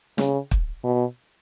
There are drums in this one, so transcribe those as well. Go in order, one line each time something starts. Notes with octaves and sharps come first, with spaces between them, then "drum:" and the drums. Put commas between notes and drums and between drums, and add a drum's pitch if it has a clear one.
C#3, drum: snare
drum: kick
B2